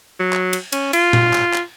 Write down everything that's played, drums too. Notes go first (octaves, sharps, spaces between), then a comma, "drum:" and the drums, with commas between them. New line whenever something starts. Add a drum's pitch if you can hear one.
F#3
drum: clap
drum: cymbal
C#4, drum: cymbal
F4, drum: cymbal
drum: tom
drum: clap
drum: clap